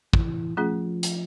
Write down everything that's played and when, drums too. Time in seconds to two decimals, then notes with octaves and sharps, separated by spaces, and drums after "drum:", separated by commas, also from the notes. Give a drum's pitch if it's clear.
0.13 E3, drum: kick
0.57 F3 A3 C#4 F4 G#4
1.03 drum: hi-hat